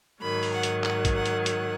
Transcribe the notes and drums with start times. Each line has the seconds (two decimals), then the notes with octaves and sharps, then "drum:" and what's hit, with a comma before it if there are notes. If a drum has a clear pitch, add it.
0.22 G#2 D#3 F#3 B5
0.43 drum: open hi-hat
0.53 F#5
0.63 drum: hi-hat
0.84 F#5, drum: clap
1.05 drum: kick, hi-hat
1.15 F#5
1.26 drum: hi-hat
1.46 F#5, drum: hi-hat